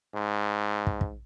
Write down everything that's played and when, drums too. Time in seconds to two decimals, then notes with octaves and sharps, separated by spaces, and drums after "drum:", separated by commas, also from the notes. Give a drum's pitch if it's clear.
0.15 G#2
0.87 drum: kick
1.01 drum: kick